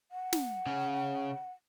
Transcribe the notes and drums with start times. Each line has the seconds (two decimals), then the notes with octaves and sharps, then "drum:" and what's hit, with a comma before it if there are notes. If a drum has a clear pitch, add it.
0.11 F#5
0.33 drum: snare
0.66 C#3 C#4